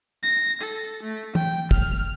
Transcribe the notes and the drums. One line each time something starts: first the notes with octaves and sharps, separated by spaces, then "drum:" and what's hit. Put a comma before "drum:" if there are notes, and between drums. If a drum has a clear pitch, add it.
A#6
A4
A3
G5, drum: tom
F6, drum: kick